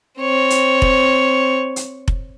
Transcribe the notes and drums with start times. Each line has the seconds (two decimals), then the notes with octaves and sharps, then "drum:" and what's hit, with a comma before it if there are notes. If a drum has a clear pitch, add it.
0.19 C4 C#5
0.50 drum: hi-hat
0.82 drum: kick F1
1.76 drum: hi-hat
2.08 drum: kick F1